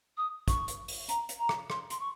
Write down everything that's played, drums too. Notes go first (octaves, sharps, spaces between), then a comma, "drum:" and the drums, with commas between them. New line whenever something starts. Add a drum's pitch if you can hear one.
D#6
C#6, drum: kick, hi-hat
drum: hi-hat
drum: open hi-hat
A#5, drum: hi-hat
drum: hi-hat
A#5
drum: rim click
C6, drum: rim click
C6, drum: hi-hat
C#6